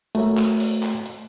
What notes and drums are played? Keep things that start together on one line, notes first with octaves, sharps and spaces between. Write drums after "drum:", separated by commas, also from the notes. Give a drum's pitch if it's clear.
A3 F#4 A#4 C#5, drum: hi-hat
drum: clap
drum: open hi-hat
drum: clap
drum: hi-hat